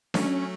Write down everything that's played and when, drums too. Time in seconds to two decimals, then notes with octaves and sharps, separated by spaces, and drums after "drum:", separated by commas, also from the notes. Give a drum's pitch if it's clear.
0.14 F#3 A3 C#4, drum: snare D4